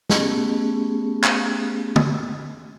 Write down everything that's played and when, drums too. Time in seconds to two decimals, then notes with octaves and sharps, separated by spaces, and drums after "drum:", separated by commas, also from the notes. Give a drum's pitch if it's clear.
0.10 A3 B3 C#4 G4 G#4, drum: snare
1.24 drum: clap
1.96 drum: tom